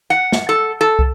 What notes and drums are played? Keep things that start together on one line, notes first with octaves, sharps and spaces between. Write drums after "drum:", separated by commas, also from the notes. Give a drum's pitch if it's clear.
F#5
drum: snare
A4
A4
drum: kick